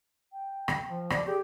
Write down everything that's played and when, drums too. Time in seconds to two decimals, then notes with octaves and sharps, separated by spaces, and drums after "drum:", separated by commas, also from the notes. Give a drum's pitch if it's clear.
0.32 G5
0.68 drum: rim click
0.90 F3
1.10 D5, drum: rim click
1.27 G4 G#4